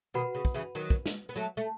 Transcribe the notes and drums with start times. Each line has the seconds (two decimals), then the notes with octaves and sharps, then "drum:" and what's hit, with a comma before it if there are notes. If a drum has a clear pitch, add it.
0.14 B2 D#3 F#4 B4 F#5 B5
0.35 C#3
0.45 drum: kick
0.54 C#3 E3
0.75 D#3 F#3
0.90 drum: kick
1.06 drum: snare
1.29 B3
1.36 F#3 A3
1.57 A3